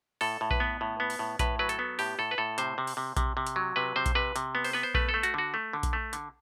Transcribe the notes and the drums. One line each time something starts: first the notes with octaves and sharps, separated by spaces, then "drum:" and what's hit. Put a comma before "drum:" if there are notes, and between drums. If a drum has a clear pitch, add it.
A2 A4, drum: open hi-hat
A2
B4, drum: kick A#1
B3
A2
B3
drum: open hi-hat
A2
A2 B4, drum: kick A#1, hi-hat
F#3 B4
A4, drum: hi-hat
B3
A2 G4, drum: open hi-hat
A2 A4
B4
A2 A4
C3 C5, drum: hi-hat
C3
drum: open hi-hat
C3
C3, drum: kick A#1, hi-hat
C3
drum: hi-hat
F#3
C3 B4
C3 C5
drum: kick A#1, hi-hat
C3 B4
C3, drum: hi-hat
B3
C5, drum: open hi-hat
B3 B4
C5
A3 B4, drum: kick A#1
A4
A3
F#4, drum: hi-hat
D3 F#4
A3
D3
drum: kick A#1, hi-hat
A3
D3, drum: hi-hat